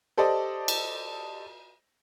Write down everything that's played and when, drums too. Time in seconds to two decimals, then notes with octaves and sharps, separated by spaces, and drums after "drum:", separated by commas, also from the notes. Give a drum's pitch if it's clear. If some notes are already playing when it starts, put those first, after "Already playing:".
0.17 G4 A4 C5 D5 D#5
0.68 drum: cymbal